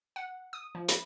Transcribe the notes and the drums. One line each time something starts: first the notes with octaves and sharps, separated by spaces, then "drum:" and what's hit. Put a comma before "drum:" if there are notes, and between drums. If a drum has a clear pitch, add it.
F#5
D#6
F3
B5, drum: hi-hat